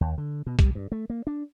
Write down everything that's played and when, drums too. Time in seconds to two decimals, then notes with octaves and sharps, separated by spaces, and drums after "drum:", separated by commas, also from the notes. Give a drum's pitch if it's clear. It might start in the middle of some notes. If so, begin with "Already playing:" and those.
0.01 D#2
0.18 D3
0.46 B2
0.59 G3, drum: kick B1, hi-hat
0.75 G2
0.92 A3
1.10 A#3
1.27 D4